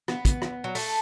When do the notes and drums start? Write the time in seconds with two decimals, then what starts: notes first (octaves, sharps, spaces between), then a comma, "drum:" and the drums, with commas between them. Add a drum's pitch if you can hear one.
0.08 B3, drum: rim click
0.25 drum: kick, hi-hat
0.42 drum: rim click
0.64 F#3
0.75 A3, drum: open hi-hat